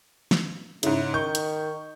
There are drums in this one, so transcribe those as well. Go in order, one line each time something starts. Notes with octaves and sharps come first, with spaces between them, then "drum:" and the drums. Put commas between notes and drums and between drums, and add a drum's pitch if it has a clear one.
drum: snare
G#2 C#3 E4, drum: hi-hat
D#3 C#6 G6
drum: hi-hat